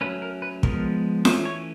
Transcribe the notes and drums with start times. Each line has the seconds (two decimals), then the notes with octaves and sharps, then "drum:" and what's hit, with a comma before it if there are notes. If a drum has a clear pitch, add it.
0.01 F#3 A3 C#4 B4
0.22 A#4
0.42 B4
0.63 F3 G#3 B3 A#4, drum: kick
1.25 E3 A3 C#4 C5, drum: snare F4
1.45 C#5